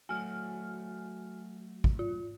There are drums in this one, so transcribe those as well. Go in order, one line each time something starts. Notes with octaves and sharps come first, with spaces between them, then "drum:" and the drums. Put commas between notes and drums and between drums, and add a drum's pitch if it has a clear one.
F#3 A3 F#4 G#5 F6
drum: kick
F4